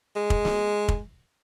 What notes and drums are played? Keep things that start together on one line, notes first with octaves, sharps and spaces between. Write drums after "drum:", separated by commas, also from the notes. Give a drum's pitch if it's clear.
G#3
drum: kick
drum: snare
drum: kick